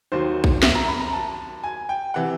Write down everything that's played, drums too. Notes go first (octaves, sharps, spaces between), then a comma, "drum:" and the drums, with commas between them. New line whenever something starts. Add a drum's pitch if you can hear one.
D#2 D#3 F#3 C5
drum: kick A#1
E5, drum: snare
A#5
B5
A#5
A5
G#5
G5
C3 E3 F#5